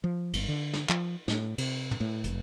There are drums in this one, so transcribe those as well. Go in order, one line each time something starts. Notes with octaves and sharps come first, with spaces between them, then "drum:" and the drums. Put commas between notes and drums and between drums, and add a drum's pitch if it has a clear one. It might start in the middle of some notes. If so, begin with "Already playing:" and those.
F3
G1, drum: cymbal
D3
drum: snare
F3, drum: clap
A2, drum: snare
C3, drum: cymbal
drum: tom
A2
F1, drum: hi-hat